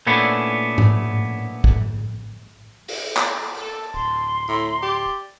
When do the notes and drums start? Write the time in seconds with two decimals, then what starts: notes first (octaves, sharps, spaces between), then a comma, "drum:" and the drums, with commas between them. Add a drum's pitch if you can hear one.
0.07 A#2 A3 B3 C#4 D4 E4
0.78 drum: tom G#2
1.64 drum: kick
2.88 drum: open hi-hat
3.17 drum: clap
3.57 A4 A5
3.94 D1 C6
4.48 A2 A#5
4.83 G4 D5